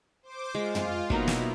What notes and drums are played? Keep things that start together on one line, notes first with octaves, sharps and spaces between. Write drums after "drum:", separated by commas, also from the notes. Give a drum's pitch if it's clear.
C5 D6
G#3 F4
drum: tom
B2 F#3 A#3 B3 D#4 E4, drum: kick
drum: snare